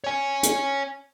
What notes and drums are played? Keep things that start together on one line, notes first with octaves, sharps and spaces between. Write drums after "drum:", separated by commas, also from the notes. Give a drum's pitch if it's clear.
C#5 G#5
drum: hi-hat